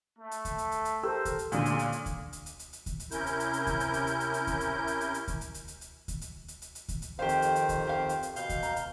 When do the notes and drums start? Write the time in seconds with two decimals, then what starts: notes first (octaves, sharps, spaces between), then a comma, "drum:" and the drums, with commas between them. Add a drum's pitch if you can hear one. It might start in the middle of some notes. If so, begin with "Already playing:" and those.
0.18 A3
0.31 drum: hi-hat
0.45 drum: kick D2, hi-hat
0.58 drum: hi-hat
0.72 drum: hi-hat
0.85 drum: hi-hat
1.03 G4 A4 A#4 C5 E6
1.25 drum: kick D2, hi-hat
1.39 drum: hi-hat
1.52 A#2 D3 C#4 D#6, drum: hi-hat
1.66 drum: hi-hat
1.79 drum: hi-hat
1.92 drum: hi-hat
2.06 drum: kick D2, hi-hat
2.33 drum: hi-hat
2.46 drum: hi-hat
2.59 drum: hi-hat
2.73 drum: hi-hat
2.86 drum: kick D2, hi-hat
3.00 drum: hi-hat
3.11 C3 C#4 E4 A#4 G6, drum: hi-hat
3.26 drum: hi-hat
3.40 drum: hi-hat
3.53 drum: hi-hat
3.67 drum: kick D2, hi-hat
3.80 drum: hi-hat
3.94 drum: hi-hat
4.07 drum: hi-hat
4.20 drum: hi-hat
4.34 drum: hi-hat
4.47 drum: kick D2, hi-hat
4.61 drum: hi-hat
4.87 drum: hi-hat
5.01 drum: hi-hat
5.14 drum: hi-hat
5.28 drum: kick D2, hi-hat
5.41 drum: hi-hat
5.54 drum: hi-hat
5.68 drum: hi-hat
5.81 drum: hi-hat
6.08 drum: kick D2, hi-hat
6.21 drum: hi-hat
6.48 drum: hi-hat
6.62 drum: hi-hat
6.75 drum: hi-hat
6.89 drum: kick D2, hi-hat
7.02 drum: hi-hat
7.19 F2 D#3 G4 C5 F5
7.29 drum: hi-hat
7.42 drum: hi-hat
7.56 drum: hi-hat
7.69 drum: kick D2, hi-hat
7.87 G4 F5
8.09 drum: hi-hat
8.23 drum: hi-hat
8.36 B2 F5 G6, drum: hi-hat
8.49 drum: kick D2, hi-hat
8.63 A#5, drum: hi-hat
8.76 drum: hi-hat